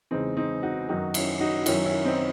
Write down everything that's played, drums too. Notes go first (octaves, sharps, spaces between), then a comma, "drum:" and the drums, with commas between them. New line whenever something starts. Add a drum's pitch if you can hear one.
E2 C#3 E3 G#3 C4 D#4
C4 D#4
D#4 F#4
F#2 D#3 F#3 D#4 F#4
C#4 E4, drum: cymbal
D#4 F#4
F#2 D#3 F#3 C#4 E4, drum: cymbal
C#4 E4
C4 D#4